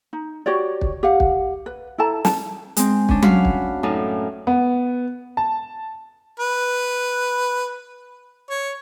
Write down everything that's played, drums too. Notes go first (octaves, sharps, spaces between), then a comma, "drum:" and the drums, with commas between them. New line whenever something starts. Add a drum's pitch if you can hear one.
D#4
F#4 G4 C#5 D5
drum: kick
G4 F5 F#5
drum: kick
B4
E4 A4 A5 A#5
A5, drum: snare
G#3 C4, drum: hi-hat
C#4 D4, drum: kick
F#4 F5 B5, drum: tom F#3
drum: kick
F#2 A2 D#4
B3
A5
B4
C#5